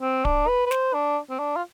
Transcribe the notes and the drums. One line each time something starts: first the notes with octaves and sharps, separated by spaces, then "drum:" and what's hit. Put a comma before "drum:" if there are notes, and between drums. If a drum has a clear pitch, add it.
C4
D4, drum: kick D1
B4
B4
C5, drum: snare
D4
C4
D4
F4